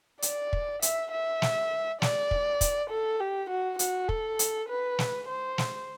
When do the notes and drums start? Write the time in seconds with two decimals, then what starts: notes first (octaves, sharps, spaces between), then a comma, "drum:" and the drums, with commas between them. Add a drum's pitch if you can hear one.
0.22 D5, drum: hi-hat
0.53 drum: kick
0.82 E5, drum: hi-hat
1.12 E5
1.42 drum: snare
2.02 D5, drum: snare
2.31 drum: kick
2.61 drum: kick, hi-hat
2.90 A4
3.20 G4
3.50 F#4
3.79 F#4, drum: hi-hat
4.09 A4, drum: kick
4.39 drum: hi-hat
4.69 B4
4.99 drum: snare
5.28 C5
5.58 drum: snare